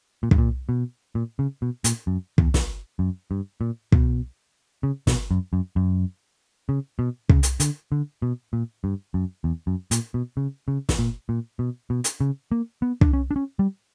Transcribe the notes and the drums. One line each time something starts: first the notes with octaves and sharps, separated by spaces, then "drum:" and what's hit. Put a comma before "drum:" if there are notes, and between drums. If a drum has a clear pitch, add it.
A#2
G2, drum: kick
A#2
B2
A#2
C#3
B2
A#2, drum: hi-hat
F#2
E2, drum: kick
drum: snare
F#2
G2
A#2
B2, drum: kick
C#3
B2, drum: snare
F#2
F#2
F#2
C#3
B2
C#3, drum: kick
drum: hi-hat
D3, drum: hi-hat
D3
B2
A#2
G2
F#2
E2
F#2
A#2, drum: hi-hat
B2
C#3
C#3
drum: snare
A#2
A#2
B2
B2
drum: hi-hat
C#3
A#3
B3
D4, drum: kick
C#4
D4
C#4
G3